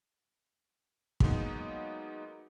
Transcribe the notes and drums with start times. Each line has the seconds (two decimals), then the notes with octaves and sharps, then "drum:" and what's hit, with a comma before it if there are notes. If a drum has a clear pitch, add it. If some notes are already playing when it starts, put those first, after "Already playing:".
1.20 F#3 G#3 A#3 B3 D#4, drum: kick